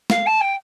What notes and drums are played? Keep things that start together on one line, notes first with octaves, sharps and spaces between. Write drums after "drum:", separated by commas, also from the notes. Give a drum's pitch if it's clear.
F5, drum: snare
A5
G5